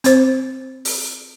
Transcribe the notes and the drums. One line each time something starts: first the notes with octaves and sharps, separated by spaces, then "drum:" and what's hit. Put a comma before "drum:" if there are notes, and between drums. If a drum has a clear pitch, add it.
C4 C5, drum: hi-hat
drum: open hi-hat